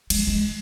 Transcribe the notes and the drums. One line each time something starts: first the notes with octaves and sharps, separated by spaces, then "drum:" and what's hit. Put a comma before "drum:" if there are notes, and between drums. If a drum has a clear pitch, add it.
G#3, drum: cymbal
G#3